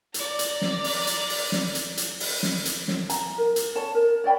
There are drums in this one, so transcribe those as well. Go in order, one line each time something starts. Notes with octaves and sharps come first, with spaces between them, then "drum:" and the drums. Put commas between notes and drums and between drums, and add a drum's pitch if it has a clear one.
D5 A#5, drum: hi-hat
drum: hi-hat
drum: snare
drum: open hi-hat
drum: hi-hat
drum: open hi-hat
drum: snare
drum: hi-hat
drum: hi-hat
drum: open hi-hat
drum: snare
drum: hi-hat
drum: snare
A#5, drum: hi-hat
A#4
drum: hi-hat
A4 C#5 A5
A#4
C#5 D5 G5 B5